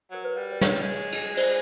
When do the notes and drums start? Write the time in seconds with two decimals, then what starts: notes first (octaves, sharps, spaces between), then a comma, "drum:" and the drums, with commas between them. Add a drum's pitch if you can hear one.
0.11 F#3 A#4
0.24 B4
0.37 G3
0.52 D5
0.61 G#3 B4 C#5, drum: snare
0.72 G3
0.82 G#3
1.12 drum: cymbal
1.37 C5 D5, drum: cymbal